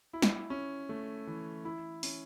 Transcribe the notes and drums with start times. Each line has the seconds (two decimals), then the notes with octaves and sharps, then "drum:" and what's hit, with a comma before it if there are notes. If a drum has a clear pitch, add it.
0.13 E4
0.22 drum: snare
0.50 C#4
0.89 A3
1.27 E3
1.65 E4
2.03 C#4, drum: open hi-hat